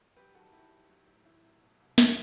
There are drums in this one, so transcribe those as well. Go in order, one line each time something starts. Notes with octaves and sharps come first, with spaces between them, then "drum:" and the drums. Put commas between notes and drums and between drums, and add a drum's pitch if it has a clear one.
F#3 G4 B4
D#3 F#4 A4
F#3 E4 G4
D#3
F#3
A2
A2 E4
F#3
B2
C2
F#4, drum: snare